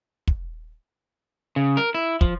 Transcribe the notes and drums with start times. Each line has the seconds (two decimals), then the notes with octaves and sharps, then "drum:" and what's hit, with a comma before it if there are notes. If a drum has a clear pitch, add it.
0.27 drum: kick
1.56 C#3
1.77 A#4
1.94 E4
2.21 F3, drum: kick